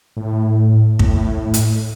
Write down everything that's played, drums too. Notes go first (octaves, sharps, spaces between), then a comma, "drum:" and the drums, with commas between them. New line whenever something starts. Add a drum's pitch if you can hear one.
A2
A2, drum: kick
drum: hi-hat